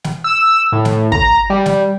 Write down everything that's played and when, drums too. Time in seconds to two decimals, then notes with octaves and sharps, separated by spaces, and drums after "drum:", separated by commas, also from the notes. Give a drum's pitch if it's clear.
0.04 drum: snare
0.24 E6
0.72 A2
0.85 drum: snare
1.12 A#5, drum: kick
1.50 G3
1.66 drum: snare